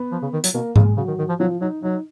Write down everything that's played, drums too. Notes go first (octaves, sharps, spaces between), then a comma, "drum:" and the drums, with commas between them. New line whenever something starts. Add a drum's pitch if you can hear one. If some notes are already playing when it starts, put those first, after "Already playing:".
Already playing: B3 B4
F3
C#3
D#3
F#3, drum: hi-hat
B2 A#3 A#4
C#3 G#3 G#4, drum: tom G#2
C#3 F#3 F#4
D#3
D#3
F3
F3 F#3 F4
F#3 D#4
F#3 D#4